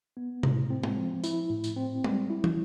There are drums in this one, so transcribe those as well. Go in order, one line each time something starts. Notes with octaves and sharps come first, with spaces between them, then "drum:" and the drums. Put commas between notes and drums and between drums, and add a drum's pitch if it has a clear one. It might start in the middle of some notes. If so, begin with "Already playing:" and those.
B3
A2, drum: tom C3
C4
drum: tom G#3
F3
E4, drum: tambourine
A2
drum: tambourine
C4
G3, drum: tom G#3
E4
drum: tom